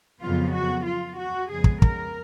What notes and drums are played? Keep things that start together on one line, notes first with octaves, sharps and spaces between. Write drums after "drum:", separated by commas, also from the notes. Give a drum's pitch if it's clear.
F2 C#3 F#3 B3 F4
F#4
F4
F#4
F2 C#3 G#3 B3 G#4
drum: kick
A#4, drum: kick